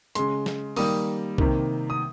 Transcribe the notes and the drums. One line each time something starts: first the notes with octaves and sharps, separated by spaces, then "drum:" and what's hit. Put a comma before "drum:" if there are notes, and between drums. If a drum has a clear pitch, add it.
C#3 G#3 C6, drum: hi-hat
drum: snare
D#3 G3 A#3 D#6, drum: open hi-hat
C3 D#3 A#3, drum: kick B1
D#6